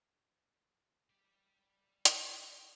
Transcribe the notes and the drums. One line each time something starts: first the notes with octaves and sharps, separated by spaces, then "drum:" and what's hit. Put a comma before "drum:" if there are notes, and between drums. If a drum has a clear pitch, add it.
G3 G4
drum: hi-hat